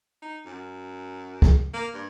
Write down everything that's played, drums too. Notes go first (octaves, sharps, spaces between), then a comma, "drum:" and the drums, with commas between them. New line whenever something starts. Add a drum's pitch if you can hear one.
D#4
F#2
drum: kick
A#3
G2